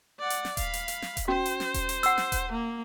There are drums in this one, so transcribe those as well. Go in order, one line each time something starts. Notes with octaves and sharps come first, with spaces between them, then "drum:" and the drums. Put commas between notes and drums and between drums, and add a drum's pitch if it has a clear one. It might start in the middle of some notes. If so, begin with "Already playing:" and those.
D5 F#5
drum: hi-hat
drum: snare
F5 B5, drum: kick D#1, hi-hat
drum: hi-hat
drum: hi-hat
drum: snare
drum: kick D#1, hi-hat
C#4 F#4 C5
drum: hi-hat
drum: snare
drum: kick D#1, hi-hat
drum: hi-hat
F#5 E6, drum: hi-hat
drum: snare
drum: kick D#1, hi-hat
A#3